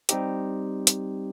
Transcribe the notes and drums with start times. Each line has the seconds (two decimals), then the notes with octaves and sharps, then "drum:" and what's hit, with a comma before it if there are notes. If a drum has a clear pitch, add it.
0.09 G3 C4 D#4 G4, drum: hi-hat
0.87 drum: hi-hat